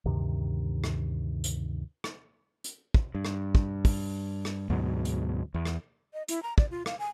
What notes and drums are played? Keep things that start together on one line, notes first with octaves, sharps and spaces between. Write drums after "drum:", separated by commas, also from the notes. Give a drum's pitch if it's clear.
D2 G2 C3 D#3
drum: rim click
drum: hi-hat
drum: rim click
drum: hi-hat
drum: kick
G2
drum: rim click
drum: kick
drum: kick, open hi-hat
drum: rim click
D2 G#2 B2 F#3
drum: hi-hat
E2
drum: rim click
D#5
E4, drum: hi-hat
A#5
D5, drum: kick
F4
F5, drum: rim click
G#5